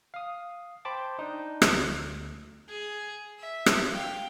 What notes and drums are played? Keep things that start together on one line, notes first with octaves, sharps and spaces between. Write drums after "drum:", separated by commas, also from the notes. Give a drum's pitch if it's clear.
F5 D#6
C5 G5 A5 B5 C6 D6
D4 D#4
D2, drum: rim click
G#4
E5
drum: rim click
F5 G5